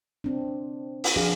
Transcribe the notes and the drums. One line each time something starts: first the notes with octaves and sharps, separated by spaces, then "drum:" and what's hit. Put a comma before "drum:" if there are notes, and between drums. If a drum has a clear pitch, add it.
C4 D4
drum: open hi-hat
F3 D4 F#4 G#4 F5